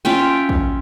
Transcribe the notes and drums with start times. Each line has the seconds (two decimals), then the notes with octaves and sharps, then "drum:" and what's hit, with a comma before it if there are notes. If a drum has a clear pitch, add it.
0.05 C#4 F4 E5 G5
0.49 drum: kick